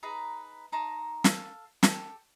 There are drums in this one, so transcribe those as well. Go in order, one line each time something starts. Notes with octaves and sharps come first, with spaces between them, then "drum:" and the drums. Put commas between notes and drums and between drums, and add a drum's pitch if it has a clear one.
D#4 G#4 B4 A#5
D#4 A5 A#5 C6
A4 F5, drum: snare
G4 A4, drum: snare